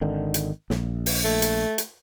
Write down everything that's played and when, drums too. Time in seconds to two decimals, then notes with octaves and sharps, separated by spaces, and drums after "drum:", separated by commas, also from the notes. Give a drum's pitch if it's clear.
0.01 G#1 D3 D#3
0.34 drum: hi-hat
0.70 A#1, drum: snare
1.06 drum: open hi-hat
1.25 A3
1.42 drum: hi-hat
1.78 drum: hi-hat